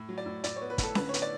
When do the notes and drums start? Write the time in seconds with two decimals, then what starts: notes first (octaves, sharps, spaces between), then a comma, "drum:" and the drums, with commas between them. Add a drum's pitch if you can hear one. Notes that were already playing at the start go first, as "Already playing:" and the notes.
Already playing: A2
0.09 F#3
0.18 D5
0.26 A2
0.44 A2 D5, drum: hi-hat
0.56 C#5
0.61 B3
0.70 B4
0.78 A2, drum: kick, hi-hat
0.83 A4
0.95 D3 B4, drum: snare C#4
1.09 C#5
1.14 B3, drum: hi-hat
1.22 D5